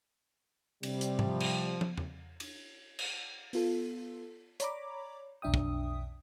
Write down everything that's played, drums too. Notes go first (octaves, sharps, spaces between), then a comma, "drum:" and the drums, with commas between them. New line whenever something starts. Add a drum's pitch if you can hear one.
C3 G3, drum: cymbal
drum: hi-hat
F3, drum: tom G#2
drum: cymbal
drum: tom
drum: tom E2
drum: cymbal
drum: cymbal
B3 F4 A4, drum: open hi-hat
C#5 D5 A#5 B5 D6, drum: hi-hat
B1 F2 D4 E5 G5 D#6
drum: kick